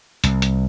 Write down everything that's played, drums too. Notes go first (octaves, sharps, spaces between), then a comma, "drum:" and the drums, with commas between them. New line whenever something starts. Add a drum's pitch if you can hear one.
C2, drum: hi-hat
drum: hi-hat